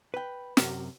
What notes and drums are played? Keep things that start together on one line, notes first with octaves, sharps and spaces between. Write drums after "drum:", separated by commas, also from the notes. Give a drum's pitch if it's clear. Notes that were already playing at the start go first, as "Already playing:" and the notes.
B4 G5
F#2 C3 A#4, drum: snare